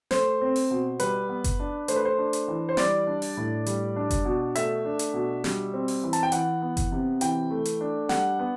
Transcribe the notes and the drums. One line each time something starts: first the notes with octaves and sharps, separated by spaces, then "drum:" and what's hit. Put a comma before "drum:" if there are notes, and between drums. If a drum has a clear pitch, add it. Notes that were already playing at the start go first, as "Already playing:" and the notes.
A3 C5, drum: snare
C4
drum: open hi-hat
B2
G3 B4, drum: hi-hat
B3
drum: kick F#1, hi-hat
D4
A3 C5, drum: hi-hat
B4
C5
D4
drum: hi-hat
E3
C5
G3 D5, drum: snare
D4
drum: open hi-hat
A2
G3, drum: hi-hat
D4
drum: kick F#1, hi-hat
B2
A3 E5, drum: hi-hat
D4
drum: hi-hat
B2
G3, drum: snare
C4
drum: open hi-hat
E3
A5, drum: hi-hat
G5
E3 F#5, drum: hi-hat
B3
drum: kick F#1, hi-hat
C3
E3 G5, drum: hi-hat
A3
drum: hi-hat
D4
G3 F#5, drum: snare
B3